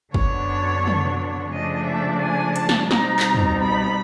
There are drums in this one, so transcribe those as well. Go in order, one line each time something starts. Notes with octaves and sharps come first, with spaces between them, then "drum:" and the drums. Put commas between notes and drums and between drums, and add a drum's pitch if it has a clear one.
F#2 D3 F#3 B3 D4 C#5, drum: kick
drum: tom
C#3 F3 A3 D4 D#5
E5
G#5
A5, drum: hi-hat
drum: snare
B2 G3 C4 D#4 A#5, drum: snare
drum: clap
drum: tom
B5